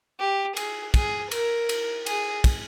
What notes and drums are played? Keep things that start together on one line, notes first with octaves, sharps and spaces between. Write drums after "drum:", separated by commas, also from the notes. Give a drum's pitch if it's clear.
G4
G#4, drum: cymbal
G#4, drum: kick, cymbal
A#4, drum: cymbal
drum: cymbal
G#4, drum: cymbal
drum: kick, cymbal